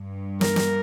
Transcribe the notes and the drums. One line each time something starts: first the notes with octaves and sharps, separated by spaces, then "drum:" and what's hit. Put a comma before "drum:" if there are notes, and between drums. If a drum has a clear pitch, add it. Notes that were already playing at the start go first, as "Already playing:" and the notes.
Already playing: G2
A#4, drum: snare
drum: snare